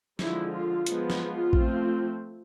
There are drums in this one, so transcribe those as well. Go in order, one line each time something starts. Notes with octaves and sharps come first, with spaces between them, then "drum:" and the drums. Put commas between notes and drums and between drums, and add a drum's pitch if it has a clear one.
D3 F3 G#3 E4, drum: snare
F4
F3 G#3 B3, drum: hi-hat
drum: snare
F4
F3 A3 C4, drum: kick A#1